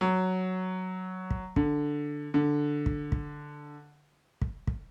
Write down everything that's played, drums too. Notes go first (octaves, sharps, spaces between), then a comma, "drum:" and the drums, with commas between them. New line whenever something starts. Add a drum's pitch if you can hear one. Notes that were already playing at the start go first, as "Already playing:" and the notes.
F#3
drum: kick
D3, drum: kick
D3
drum: kick
drum: kick
drum: kick
drum: kick